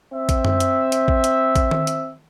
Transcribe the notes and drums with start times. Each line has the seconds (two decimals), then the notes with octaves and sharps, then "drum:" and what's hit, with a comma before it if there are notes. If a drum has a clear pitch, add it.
0.13 C4 E5
0.29 drum: kick A1, hi-hat
0.45 drum: tom F#2
0.60 drum: hi-hat
0.92 drum: hi-hat
1.08 drum: kick A1
1.24 drum: hi-hat
1.56 drum: kick A1, hi-hat
1.71 drum: tom D#3
1.87 drum: hi-hat